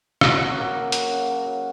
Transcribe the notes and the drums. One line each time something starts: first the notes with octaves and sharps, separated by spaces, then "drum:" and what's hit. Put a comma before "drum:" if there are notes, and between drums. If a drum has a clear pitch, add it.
C#3 F#4, drum: rim click
F#3
A#3
F#3
F#3, drum: hi-hat
C#3
F#3
F#3